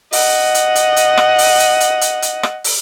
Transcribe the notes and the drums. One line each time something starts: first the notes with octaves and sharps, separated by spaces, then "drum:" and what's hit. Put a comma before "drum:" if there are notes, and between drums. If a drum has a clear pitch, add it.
D#5 F#5, drum: open hi-hat
drum: hi-hat
drum: hi-hat
drum: hi-hat
drum: rim click
drum: open hi-hat
drum: hi-hat
drum: hi-hat
drum: hi-hat
drum: hi-hat
drum: rim click
drum: open hi-hat